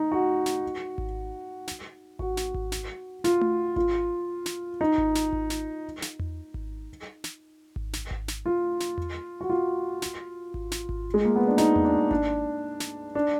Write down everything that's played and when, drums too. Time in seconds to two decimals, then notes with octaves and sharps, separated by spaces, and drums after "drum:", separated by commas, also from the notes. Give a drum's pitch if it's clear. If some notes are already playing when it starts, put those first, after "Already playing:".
Already playing: D#4
0.12 F#4
0.46 drum: snare
0.98 drum: kick G#1
1.68 drum: snare
2.19 F#4, drum: kick G#1
2.37 drum: snare
2.54 drum: kick G#1
2.72 drum: snare
3.24 F4, drum: snare
3.41 drum: tom A3
3.76 F4, drum: kick G#1
4.46 drum: snare
4.81 D#4
4.98 drum: kick G#1
5.15 drum: snare
5.33 drum: kick G#1
5.50 drum: snare
6.02 drum: snare
6.20 drum: tom E2
6.54 drum: kick G#1
7.24 drum: snare
7.76 drum: kick G#1
7.93 drum: snare
8.11 drum: kick G#1
8.28 drum: snare
8.46 F4
8.80 drum: snare
8.98 drum: tom E2
9.41 F#4
9.50 F4
10.02 drum: snare
10.54 drum: kick G#1
10.72 drum: snare
10.89 drum: kick G#1
11.14 G#3
11.25 A#3
11.36 B3
11.47 D4
11.58 D#4, drum: snare
11.76 drum: tom E2
11.85 D4
12.11 D4, drum: kick G#1
12.80 drum: snare
13.15 D4